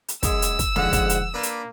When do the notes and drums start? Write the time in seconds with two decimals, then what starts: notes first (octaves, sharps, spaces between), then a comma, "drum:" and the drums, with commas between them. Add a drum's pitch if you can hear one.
0.08 drum: hi-hat
0.23 F#2 G#3 E6, drum: kick, hi-hat
0.42 drum: hi-hat
0.59 drum: kick, hi-hat
0.76 F2 G#2 D3 F#5, drum: snare
0.93 drum: kick, hi-hat
1.09 drum: hi-hat
1.34 A#3 D4 B4
1.43 drum: hi-hat